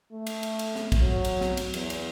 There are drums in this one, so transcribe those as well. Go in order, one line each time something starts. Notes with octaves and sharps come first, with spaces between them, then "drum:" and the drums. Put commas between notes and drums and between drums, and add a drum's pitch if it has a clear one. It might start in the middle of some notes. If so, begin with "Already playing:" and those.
A3
drum: cymbal
drum: cymbal
drum: cymbal
drum: snare
drum: kick, cymbal
F#3
drum: cymbal
drum: snare
drum: cymbal
E2, drum: cymbal
drum: cymbal